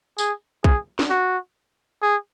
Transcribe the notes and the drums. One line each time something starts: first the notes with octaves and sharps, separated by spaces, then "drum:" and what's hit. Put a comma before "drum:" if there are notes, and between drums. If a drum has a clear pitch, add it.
G#4, drum: tambourine
G#4, drum: kick
drum: snare
F#4
G#4